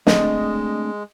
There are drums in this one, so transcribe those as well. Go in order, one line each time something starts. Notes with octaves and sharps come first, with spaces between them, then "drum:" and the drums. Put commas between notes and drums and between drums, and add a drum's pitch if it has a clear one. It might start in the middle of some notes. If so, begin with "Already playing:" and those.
G#3 A3 C4 D4 D#5, drum: snare